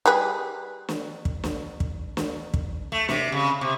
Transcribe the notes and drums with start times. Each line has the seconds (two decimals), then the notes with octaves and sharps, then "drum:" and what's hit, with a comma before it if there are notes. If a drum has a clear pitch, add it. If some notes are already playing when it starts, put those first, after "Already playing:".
0.06 G3 G#4 B4
0.89 drum: snare
1.25 drum: kick
1.44 drum: snare
1.80 drum: kick
2.17 drum: snare
2.54 drum: kick
2.92 A3
3.09 C3, drum: snare
3.32 C#3
3.61 C3